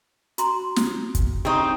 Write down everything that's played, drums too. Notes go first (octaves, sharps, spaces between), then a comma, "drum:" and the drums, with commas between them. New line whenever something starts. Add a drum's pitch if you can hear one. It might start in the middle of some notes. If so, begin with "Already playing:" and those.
F#4 A#5 C6, drum: hi-hat
drum: snare
drum: kick, hi-hat
C4 D#4 G4 D5 C#6